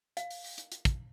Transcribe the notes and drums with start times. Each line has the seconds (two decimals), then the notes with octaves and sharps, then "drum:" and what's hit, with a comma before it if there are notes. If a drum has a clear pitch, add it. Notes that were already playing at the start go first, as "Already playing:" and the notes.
0.17 F5, drum: hi-hat
0.31 drum: open hi-hat
0.44 drum: open hi-hat
0.58 drum: hi-hat
0.72 drum: hi-hat
0.85 drum: kick, hi-hat